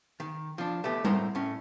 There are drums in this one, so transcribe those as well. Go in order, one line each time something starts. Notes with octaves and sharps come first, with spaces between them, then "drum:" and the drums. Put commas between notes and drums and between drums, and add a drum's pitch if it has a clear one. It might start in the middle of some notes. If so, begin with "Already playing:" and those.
D#3
F3 D4
A3 B3 G4
A2 A#4 C5 F#5, drum: tom G3
A2 C#4